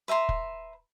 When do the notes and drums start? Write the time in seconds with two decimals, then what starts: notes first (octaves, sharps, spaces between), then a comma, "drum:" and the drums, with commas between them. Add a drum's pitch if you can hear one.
0.08 B4 E5 A#5 C6
0.29 drum: kick